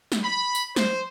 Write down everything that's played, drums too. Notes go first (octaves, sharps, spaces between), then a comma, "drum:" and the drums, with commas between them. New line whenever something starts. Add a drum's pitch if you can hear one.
drum: snare
B5
drum: tambourine
C5, drum: snare